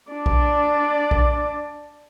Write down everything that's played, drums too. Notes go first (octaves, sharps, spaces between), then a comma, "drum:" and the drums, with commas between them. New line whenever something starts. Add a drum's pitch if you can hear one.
D4 D5
drum: kick A#1
drum: kick A#1